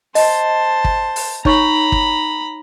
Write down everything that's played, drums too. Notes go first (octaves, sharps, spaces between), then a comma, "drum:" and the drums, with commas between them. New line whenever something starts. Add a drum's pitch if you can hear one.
C5 D#5 A5, drum: open hi-hat
drum: kick
drum: open hi-hat
D#4 C#5 A#5 B5 C#6, drum: kick
drum: kick